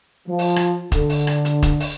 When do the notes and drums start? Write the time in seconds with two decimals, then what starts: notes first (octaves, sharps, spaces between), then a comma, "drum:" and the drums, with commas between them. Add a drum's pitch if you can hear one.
0.28 F3
0.39 drum: open hi-hat
0.56 drum: rim click
0.92 D3, drum: kick, hi-hat
1.09 drum: open hi-hat
1.27 drum: rim click
1.45 drum: hi-hat
1.63 drum: kick, hi-hat
1.80 drum: open hi-hat